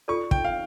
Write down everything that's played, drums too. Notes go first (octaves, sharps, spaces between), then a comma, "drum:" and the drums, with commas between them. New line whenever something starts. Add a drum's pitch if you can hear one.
F4 A4 D5 C#6
G5, drum: kick
F5